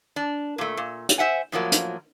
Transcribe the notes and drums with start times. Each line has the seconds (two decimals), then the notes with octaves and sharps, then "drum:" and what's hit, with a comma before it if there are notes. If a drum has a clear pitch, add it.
0.16 D4
0.58 A#2 A3
0.77 A#2
1.09 drum: hi-hat
1.18 C5 E5 F#5 G#5
1.52 A2 F3 F#3 A#3
1.72 drum: hi-hat